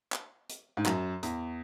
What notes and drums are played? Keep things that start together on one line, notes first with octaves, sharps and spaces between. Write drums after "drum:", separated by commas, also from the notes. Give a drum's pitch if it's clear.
drum: clap
drum: hi-hat
G#2
F#2, drum: clap
E2, drum: hi-hat